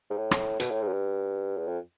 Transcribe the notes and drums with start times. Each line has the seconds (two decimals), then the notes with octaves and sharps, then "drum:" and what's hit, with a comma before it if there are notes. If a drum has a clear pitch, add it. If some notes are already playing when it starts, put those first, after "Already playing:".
0.10 G#2
0.17 A2
0.31 drum: rim click
0.60 B2, drum: hi-hat
0.71 A2
0.82 G#2
0.87 F#2
0.92 G2
1.58 E2
1.68 F2